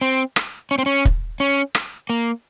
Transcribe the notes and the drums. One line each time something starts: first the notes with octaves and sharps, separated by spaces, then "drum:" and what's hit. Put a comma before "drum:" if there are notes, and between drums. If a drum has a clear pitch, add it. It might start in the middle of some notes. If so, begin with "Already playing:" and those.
C4
drum: rim click
C#4
C4
C#4
drum: kick
C#4
drum: rim click
A#3